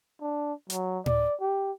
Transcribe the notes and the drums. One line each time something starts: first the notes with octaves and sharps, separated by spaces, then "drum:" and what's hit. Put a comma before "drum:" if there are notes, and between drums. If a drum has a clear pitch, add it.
D4
F#3, drum: hi-hat
D5, drum: tom A2
G4